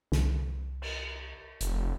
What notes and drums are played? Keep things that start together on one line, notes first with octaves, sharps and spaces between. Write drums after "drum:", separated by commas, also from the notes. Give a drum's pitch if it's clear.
C2, drum: snare
drum: cymbal
F1, drum: hi-hat